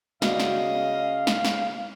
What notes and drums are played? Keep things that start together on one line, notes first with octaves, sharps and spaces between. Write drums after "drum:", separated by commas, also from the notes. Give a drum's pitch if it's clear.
C#3 B3 F#4 D5 D#5 F5, drum: snare
drum: snare
drum: snare
drum: snare